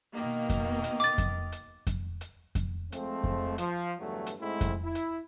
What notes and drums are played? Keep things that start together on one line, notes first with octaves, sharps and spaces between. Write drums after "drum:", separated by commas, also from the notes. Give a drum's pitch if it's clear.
B2 D#3 A#3
drum: kick F2, hi-hat
drum: hi-hat
D6 A6
drum: kick F2, hi-hat
drum: hi-hat
drum: kick F2, hi-hat
drum: hi-hat
drum: kick F2, hi-hat
F3 G#3 A3 C4, drum: hi-hat
drum: kick F2
F3, drum: hi-hat
E2 G2 D3 F#3 A3
drum: hi-hat
G#2 G#3 A3 C4 E4
drum: kick F2, hi-hat
E4
drum: hi-hat